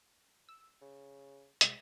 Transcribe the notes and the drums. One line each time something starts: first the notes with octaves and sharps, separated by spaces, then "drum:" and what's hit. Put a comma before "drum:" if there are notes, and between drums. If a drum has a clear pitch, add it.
E6
C#3
C2 G#3, drum: hi-hat